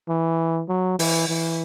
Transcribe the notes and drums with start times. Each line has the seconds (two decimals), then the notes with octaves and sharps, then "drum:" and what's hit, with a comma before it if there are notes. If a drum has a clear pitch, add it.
0.09 E3
0.69 F#3
0.99 E3, drum: open hi-hat
1.29 E3